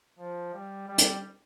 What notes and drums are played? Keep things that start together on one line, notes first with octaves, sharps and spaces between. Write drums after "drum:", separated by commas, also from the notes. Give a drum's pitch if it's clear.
F3
G3
G3
drum: hi-hat